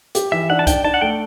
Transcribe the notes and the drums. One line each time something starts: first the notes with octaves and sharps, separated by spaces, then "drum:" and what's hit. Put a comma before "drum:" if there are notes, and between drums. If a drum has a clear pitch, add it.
G4, drum: hi-hat
E3 E5
D4 F#5
A5
D4 G5, drum: kick C2, hi-hat
D4 A5
F#5
A3 G5